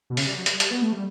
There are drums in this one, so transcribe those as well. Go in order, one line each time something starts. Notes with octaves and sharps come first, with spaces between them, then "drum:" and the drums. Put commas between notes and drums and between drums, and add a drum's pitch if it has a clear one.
B2
C#3, drum: open hi-hat
G3
F#3
G3, drum: hi-hat
drum: hi-hat
B3
A3
G3